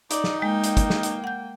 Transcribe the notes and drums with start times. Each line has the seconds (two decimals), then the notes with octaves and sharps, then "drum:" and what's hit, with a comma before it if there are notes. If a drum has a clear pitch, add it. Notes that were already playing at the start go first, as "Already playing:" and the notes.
0.11 D#4 D5, drum: hi-hat
0.24 drum: snare
0.42 G#3 A#3 G5
0.64 drum: hi-hat
0.77 drum: kick, hi-hat
0.90 drum: snare
1.03 drum: hi-hat
1.24 F#5 G6